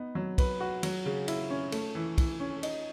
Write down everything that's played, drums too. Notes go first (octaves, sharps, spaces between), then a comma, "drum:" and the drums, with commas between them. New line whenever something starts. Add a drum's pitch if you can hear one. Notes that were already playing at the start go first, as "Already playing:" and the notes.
Already playing: B3 D#4
F#3
B4, drum: kick, cymbal
F#4
F#3, drum: cymbal
C#3
E4, drum: cymbal
C#4
A3, drum: cymbal
E3
E3, drum: kick, cymbal
C#4
D#4, drum: cymbal